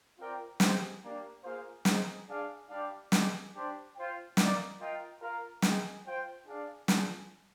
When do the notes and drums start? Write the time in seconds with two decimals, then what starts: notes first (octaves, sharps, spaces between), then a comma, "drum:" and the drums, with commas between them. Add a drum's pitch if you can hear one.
0.18 C4 F4 A#4 D5 G5
0.60 G#3 C4 G4, drum: snare
1.03 A#3 D4 G4
1.44 A#3 F4 G#4 C5 F5
1.85 G#3 C4 D#4 G#4, drum: snare
2.28 D4 G#4 D5 F5
2.69 G3 D4 G4 D5 F5
3.12 G#3 D4 G4, drum: snare
3.53 D4 G4 C5
3.95 F4 C5 G5
4.37 D#4 A#4 D5 F5, drum: snare
4.79 F4 A#4 D#5 G5
5.21 F4 A#4 F5
5.62 G#3 D#4 G#4 D#5 G5, drum: snare
6.04 F4 C5 G5
6.46 D4 G#4 D5 F5
6.88 D4 F4 G#4, drum: snare